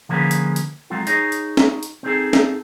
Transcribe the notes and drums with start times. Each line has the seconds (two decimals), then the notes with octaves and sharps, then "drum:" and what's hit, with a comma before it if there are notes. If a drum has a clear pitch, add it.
0.09 D3 F3 A#3 C#4 G#4 B4
0.31 drum: hi-hat
0.56 drum: hi-hat
0.90 F#3 G#3 C4 F4 A4
1.07 D#4 G#4 C#5 D#5, drum: hi-hat
1.32 drum: hi-hat
1.57 drum: snare
1.83 drum: hi-hat
2.03 C4 D#4 G#4 A4
2.33 drum: snare